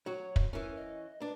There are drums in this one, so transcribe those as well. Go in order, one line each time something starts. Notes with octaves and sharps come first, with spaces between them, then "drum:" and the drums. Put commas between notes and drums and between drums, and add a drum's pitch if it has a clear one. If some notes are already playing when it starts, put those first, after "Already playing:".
F#3 F#4 C#5
drum: kick
E3 C#4 A#4
D#5
D4 B4